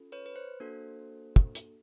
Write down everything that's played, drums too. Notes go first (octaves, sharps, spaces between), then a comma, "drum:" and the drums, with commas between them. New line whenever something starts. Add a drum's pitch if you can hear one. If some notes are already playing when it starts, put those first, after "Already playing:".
Already playing: C#4 F4 A4
B4 C#5
B4
C5
A#3 D4 F#4 A4
drum: kick
drum: hi-hat